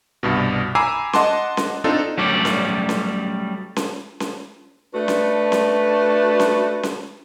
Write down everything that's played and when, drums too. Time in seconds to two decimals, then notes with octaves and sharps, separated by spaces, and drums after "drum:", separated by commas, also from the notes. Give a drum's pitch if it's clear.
0.23 C2 G2 B2
0.75 G#5 A#5 B5 D6 E6 C7
1.13 D#5 F#5 A5 C6 D6, drum: snare C#4
1.57 drum: snare C#4
1.84 C4 D4 D#4 F4 A4
2.18 F#3 G3 A3 C#4 D5
2.45 drum: snare C#4
2.89 drum: snare C#4
3.76 drum: snare C#4
4.20 drum: snare C#4
4.94 A3 D4 F#4 B4
5.08 drum: snare C#4
5.52 drum: snare C#4
6.40 drum: snare C#4
6.83 drum: snare C#4